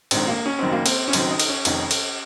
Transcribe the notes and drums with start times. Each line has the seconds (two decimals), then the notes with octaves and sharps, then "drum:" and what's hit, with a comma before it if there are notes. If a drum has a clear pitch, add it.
0.11 A#1 G#2 D#3 C4, drum: cymbal
0.28 A#3
0.46 C#4
0.59 F#1 F#2 D#3 C4
0.72 A#3
0.86 C4, drum: cymbal
1.08 C#4
1.13 F#1 F#2 D#3 C4, drum: cymbal
1.30 D#4
1.39 drum: cymbal
1.49 C#4
1.65 F1 F2 D#3, drum: cymbal
1.91 drum: cymbal